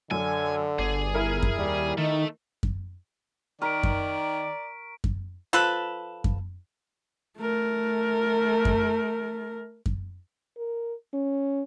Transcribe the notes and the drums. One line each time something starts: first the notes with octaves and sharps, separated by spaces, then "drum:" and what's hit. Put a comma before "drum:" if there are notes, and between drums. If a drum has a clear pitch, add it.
F#2 D3 G#5
G1 G#4 D5
E4 A#4
drum: kick F#2
D#2 G3
D#3 A3 D#4
drum: kick F#2
D#3 A#4 D5 C#6 B6 D7
drum: kick F#2
drum: kick F#2
F3 A4 B4
drum: kick F#2
A3 A#4
drum: kick F#2
drum: kick F#2
A#4
C#4